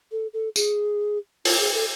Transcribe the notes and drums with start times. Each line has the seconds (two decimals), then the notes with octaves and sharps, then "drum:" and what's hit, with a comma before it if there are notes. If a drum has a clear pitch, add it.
0.11 A4
0.33 A4
0.56 G#4, drum: tambourine
1.45 F4, drum: open hi-hat
1.60 G#4
1.74 A4